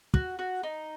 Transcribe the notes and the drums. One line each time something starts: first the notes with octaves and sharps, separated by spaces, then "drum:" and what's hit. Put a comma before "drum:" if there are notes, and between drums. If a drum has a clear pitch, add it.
F#4, drum: kick
F#4
D#4